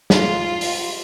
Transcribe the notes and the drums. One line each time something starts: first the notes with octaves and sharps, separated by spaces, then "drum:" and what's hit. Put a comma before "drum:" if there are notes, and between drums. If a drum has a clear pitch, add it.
F4, drum: snare
drum: open hi-hat